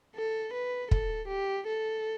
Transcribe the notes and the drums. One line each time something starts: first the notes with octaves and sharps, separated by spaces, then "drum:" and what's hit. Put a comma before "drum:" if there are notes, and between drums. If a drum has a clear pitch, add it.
A4
B4
A4, drum: kick
G4
A4